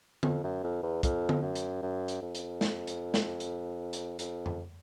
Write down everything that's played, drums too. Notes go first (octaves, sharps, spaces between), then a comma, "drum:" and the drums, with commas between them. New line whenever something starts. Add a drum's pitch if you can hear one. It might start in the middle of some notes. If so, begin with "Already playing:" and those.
F2, drum: tom D3
F#2
F2
E2
F2, drum: kick, hi-hat
drum: tom D3
F#2
drum: hi-hat
F#2
drum: hi-hat
F2
drum: hi-hat
drum: snare
drum: hi-hat
drum: snare
drum: hi-hat
drum: hi-hat
F2, drum: hi-hat
drum: tom F2